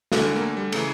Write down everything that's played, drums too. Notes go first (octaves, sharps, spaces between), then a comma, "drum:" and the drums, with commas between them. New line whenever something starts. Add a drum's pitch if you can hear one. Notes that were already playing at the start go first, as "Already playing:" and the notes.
D2 D3 A3, drum: snare
A#3
A3
G3
C#3 E3 A3, drum: cymbal